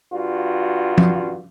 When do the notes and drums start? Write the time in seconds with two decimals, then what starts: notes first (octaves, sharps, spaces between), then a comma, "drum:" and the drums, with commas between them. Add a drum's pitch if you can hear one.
0.11 G2 F4 F#4
0.98 drum: tom